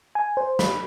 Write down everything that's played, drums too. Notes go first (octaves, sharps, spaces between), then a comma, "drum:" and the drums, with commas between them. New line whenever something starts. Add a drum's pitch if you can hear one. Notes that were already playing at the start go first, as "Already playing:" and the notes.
G#5
C5
B5, drum: snare